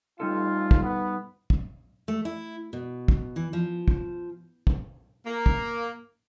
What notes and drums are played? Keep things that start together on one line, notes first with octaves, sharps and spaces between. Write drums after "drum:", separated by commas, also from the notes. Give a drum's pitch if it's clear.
A1 G3 D#4 F4 A4
drum: kick
B3
drum: kick
A3
E4
B2
drum: kick
E3
F3
drum: kick
drum: kick
A#3
drum: kick